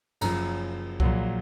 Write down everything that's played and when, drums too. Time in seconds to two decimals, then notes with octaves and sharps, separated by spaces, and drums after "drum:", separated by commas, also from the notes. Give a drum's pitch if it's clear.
0.21 F#1 F#2 F3 A#5, drum: cymbal
1.00 A#1 A#2 F#3, drum: kick C2